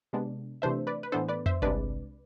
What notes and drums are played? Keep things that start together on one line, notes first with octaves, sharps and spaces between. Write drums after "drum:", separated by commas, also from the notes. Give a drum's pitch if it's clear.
C3 G#3 B3 D4
C3 E3 A3 D4 C5 E5
B4 D5
B4
A2 E3 B3 D4 A4 C5
B4 D5
C5 E5, drum: tom F2
C2 C3 G#3 D4 B4 D5, drum: kick G1